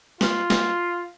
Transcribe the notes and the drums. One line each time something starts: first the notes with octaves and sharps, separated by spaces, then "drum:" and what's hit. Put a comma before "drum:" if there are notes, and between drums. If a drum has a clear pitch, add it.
F4, drum: snare
drum: snare